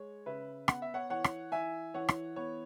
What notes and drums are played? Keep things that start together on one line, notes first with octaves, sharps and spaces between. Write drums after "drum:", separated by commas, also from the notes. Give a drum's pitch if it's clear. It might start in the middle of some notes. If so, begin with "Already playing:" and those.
Already playing: G#3 C#5
C#3 B4 E5
B3 F#5, drum: rim click
E5
C#5 F#5
E3 C#5 F#5
drum: rim click
E3 E5 G#5
E3 C#5 F#5
drum: rim click
B3 C#5